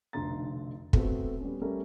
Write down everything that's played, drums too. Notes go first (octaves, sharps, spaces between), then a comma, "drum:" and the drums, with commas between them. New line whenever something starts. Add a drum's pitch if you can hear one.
F1 B1 D3 A#5 C6 A6
A3 B3 C4 F#4 A4, drum: kick
G3 B3 C#4
G3 A3 C#4 A#4